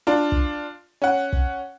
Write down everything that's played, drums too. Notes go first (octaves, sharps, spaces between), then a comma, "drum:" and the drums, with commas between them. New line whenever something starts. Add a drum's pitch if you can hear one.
D4 F4
drum: kick
C#4 F#5
drum: kick